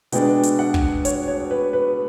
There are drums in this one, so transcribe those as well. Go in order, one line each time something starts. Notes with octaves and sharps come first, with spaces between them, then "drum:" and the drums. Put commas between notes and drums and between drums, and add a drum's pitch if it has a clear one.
B2 G#3 B3 D4 G5, drum: hi-hat
drum: hi-hat
F#5
drum: kick
C#5, drum: hi-hat
C#5
B4
B4